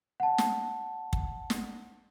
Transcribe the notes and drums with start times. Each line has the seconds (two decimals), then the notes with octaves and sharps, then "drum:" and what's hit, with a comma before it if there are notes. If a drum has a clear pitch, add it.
0.20 F#5 A5
0.38 drum: snare
1.13 drum: kick
1.50 drum: snare